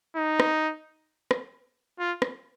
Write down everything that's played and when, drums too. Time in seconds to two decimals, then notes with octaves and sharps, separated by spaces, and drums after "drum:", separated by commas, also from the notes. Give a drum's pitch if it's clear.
0.16 D#4
0.40 drum: rim click
1.31 drum: rim click
1.99 F4
2.22 drum: rim click